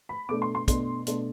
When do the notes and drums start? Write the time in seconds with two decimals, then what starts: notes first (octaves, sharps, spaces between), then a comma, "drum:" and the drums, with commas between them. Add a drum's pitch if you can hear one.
0.09 B5
0.29 B2 A3 D4 D6
0.42 C6
0.55 C6
0.68 B2 A3 D4, drum: kick, hi-hat
1.07 B2 A3 D4, drum: hi-hat